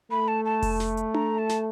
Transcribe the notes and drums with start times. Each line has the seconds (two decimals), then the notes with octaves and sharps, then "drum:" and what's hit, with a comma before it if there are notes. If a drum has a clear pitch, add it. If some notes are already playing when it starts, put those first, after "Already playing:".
0.10 A3 B5
0.28 A5
0.45 A5
0.62 drum: kick F1, open hi-hat
0.80 drum: snare
0.97 drum: hi-hat
1.14 A#5, drum: tom D4
1.38 A5
1.49 drum: snare